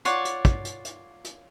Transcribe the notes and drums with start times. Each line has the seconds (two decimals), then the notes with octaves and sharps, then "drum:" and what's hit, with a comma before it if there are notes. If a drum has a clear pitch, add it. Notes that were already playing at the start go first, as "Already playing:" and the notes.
0.05 F4 C#5 D5 F#5, drum: hi-hat
0.25 drum: hi-hat
0.45 drum: kick, hi-hat
0.65 drum: hi-hat
0.85 drum: hi-hat
1.24 drum: hi-hat